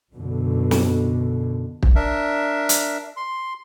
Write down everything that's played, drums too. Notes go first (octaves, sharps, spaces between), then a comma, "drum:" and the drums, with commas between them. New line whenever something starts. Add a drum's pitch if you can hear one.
F#2 B2 D3
drum: snare
drum: kick
D4 A#4 E5
drum: hi-hat
C6